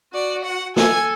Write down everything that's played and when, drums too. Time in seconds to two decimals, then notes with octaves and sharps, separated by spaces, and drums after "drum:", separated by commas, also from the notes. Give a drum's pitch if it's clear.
0.14 F#4 D5
0.45 F#5
0.76 A4 G#5, drum: snare